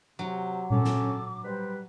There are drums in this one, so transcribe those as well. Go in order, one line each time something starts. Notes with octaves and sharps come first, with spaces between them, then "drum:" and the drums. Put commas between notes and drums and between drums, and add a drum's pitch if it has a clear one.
C3 F#3
C#4 A4 D6, drum: tom A#2
drum: snare
G3 B4 C5